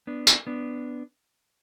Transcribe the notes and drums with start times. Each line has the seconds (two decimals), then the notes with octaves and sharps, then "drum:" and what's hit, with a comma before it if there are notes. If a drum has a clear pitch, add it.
0.07 B3 D4
0.27 drum: tambourine
0.47 B3 D4